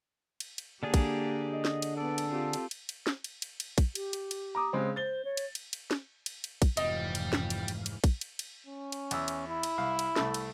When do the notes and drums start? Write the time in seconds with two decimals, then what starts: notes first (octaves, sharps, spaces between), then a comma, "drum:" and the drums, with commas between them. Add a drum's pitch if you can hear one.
0.40 drum: cymbal
0.58 drum: cymbal
0.83 D3 A#3 D4 G4 G#4
0.94 drum: kick, cymbal
1.54 D#5
1.65 drum: snare
1.82 drum: cymbal
1.97 B3 A4 D5
2.18 drum: cymbal
2.28 C4 F4 G4
2.53 drum: cymbal
2.71 drum: cymbal
2.89 drum: cymbal
3.07 drum: snare
3.24 drum: cymbal
3.42 drum: cymbal
3.60 drum: cymbal
3.78 drum: kick, cymbal
3.95 G4, drum: cymbal
4.13 drum: cymbal
4.31 drum: cymbal
4.55 A#5 D6 D#6
4.73 C#3 G#3 C4
4.96 C5 A6 G7
5.25 C#5
5.37 drum: cymbal
5.55 drum: cymbal
5.73 drum: cymbal
5.91 drum: snare
6.26 drum: cymbal
6.44 drum: cymbal
6.62 drum: kick, cymbal
6.77 F1 F2 G#2 E3 G3 D#5 F5, drum: cymbal
7.15 drum: cymbal
7.33 drum: snare
7.50 drum: cymbal
7.68 drum: cymbal
7.86 drum: cymbal
8.04 drum: kick, cymbal
8.21 drum: cymbal
8.39 drum: cymbal
8.67 C#4
8.92 drum: cymbal
9.11 E2 E6, drum: cymbal
9.28 drum: cymbal
9.49 E4
9.63 drum: cymbal
9.78 C2 F5
9.99 drum: cymbal
10.16 C2 A3, drum: snare
10.34 drum: cymbal